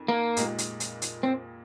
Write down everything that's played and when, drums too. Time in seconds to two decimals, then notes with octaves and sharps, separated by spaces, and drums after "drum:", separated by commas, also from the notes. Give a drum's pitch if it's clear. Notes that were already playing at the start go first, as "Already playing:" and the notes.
Already playing: F2 D#3
0.08 A#3
0.37 A#2 G#3 D#4 G4, drum: hi-hat
0.58 drum: hi-hat
0.80 drum: hi-hat
1.02 drum: hi-hat
1.23 C4